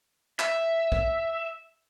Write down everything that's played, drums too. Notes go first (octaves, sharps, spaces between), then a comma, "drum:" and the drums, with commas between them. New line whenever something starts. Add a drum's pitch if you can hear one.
E5, drum: clap
drum: kick